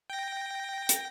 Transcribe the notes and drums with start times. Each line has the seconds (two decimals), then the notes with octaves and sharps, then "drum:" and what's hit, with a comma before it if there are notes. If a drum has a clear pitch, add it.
0.10 G5 A#6
0.89 drum: hi-hat